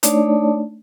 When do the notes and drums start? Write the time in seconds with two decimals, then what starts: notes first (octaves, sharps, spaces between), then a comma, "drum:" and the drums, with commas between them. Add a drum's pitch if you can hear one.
0.03 A3 D4 D#4 C#5 D5 A5, drum: hi-hat